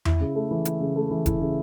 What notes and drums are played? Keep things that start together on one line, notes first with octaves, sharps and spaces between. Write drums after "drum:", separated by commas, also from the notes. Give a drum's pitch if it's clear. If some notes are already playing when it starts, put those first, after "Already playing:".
E4, drum: tom E2
C#3
A3
E3
E4, drum: hi-hat
C#3
A3
E3
E4, drum: kick E1, hi-hat
C#3